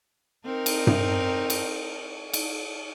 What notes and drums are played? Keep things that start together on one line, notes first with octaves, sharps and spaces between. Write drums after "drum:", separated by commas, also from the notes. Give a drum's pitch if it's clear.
C4 D#4 A#4
drum: cymbal
drum: tom G2
drum: cymbal
drum: cymbal